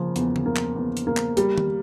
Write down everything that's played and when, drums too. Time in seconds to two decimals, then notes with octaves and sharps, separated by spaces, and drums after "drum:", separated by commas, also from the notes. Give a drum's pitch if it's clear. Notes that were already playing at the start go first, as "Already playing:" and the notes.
Already playing: C#3 F3 A#3
0.16 E2, drum: hi-hat
0.36 drum: tom D3
0.46 A#3
0.56 drum: clap
0.76 E2
0.97 drum: hi-hat
1.07 A#3
1.17 drum: clap
1.37 G3, drum: hi-hat
1.58 drum: tom D#3